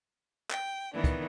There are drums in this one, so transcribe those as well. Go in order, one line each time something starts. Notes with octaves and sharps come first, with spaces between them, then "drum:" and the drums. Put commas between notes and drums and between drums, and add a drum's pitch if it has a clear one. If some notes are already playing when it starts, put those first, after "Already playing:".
G5, drum: clap
D#3 E3 B3 D4
drum: kick, hi-hat